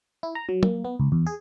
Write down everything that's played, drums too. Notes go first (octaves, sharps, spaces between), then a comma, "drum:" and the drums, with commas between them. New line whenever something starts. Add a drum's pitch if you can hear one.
E4
A#5
F#3
A#3, drum: tom
B3
C#2
E2
G#4